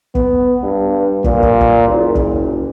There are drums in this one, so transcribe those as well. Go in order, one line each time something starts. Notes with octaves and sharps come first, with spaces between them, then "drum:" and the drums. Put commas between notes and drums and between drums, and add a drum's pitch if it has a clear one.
B3, drum: kick
G2
A#2, drum: kick
drum: kick
drum: kick
F#1
drum: kick